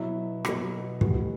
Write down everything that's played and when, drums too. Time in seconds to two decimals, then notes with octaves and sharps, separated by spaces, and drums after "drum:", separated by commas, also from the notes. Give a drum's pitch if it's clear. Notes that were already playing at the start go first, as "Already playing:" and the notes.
Already playing: B2 F#3 E4
0.45 B2 F#3, drum: rim click
1.01 A2 E3 G3 F#4, drum: kick